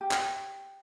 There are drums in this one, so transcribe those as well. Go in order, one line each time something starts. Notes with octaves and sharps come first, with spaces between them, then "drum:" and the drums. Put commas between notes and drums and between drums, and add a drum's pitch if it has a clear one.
G4
drum: clap